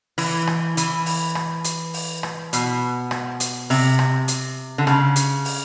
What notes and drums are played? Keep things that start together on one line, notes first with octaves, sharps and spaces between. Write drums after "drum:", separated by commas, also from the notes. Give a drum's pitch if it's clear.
E3, drum: open hi-hat
drum: rim click
E3, drum: hi-hat
drum: open hi-hat
drum: rim click
drum: hi-hat
drum: open hi-hat
drum: rim click
B2, drum: hi-hat
drum: rim click
drum: hi-hat
C3, drum: open hi-hat
drum: rim click
drum: hi-hat
D3
C#3, drum: rim click
drum: hi-hat
drum: open hi-hat